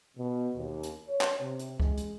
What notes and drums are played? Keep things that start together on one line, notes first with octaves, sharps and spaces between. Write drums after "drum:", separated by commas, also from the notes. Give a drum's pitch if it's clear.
B2
D#2
drum: hi-hat
C#5
drum: clap
C3
drum: hi-hat
G#3, drum: kick C#2
drum: hi-hat